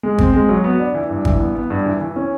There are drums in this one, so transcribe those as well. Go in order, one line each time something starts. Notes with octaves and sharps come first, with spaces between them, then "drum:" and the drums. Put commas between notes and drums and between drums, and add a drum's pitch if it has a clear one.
G#3
C4, drum: kick G#1
G#3
F#3
B3
D4
E3
G2
E3, drum: kick G#1
B3
B3
G2
E3
E3
C#4